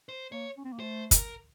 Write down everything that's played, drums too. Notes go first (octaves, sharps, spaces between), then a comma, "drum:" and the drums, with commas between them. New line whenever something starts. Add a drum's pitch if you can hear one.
C5
A#3 C#5
C#4
C4
A#3
A3 C5
A#4, drum: kick, hi-hat